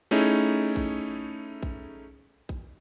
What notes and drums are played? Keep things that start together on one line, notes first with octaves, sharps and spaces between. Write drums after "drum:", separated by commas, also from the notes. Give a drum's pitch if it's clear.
A3 C#4 D#4 E4 G#4
drum: kick
drum: kick
drum: kick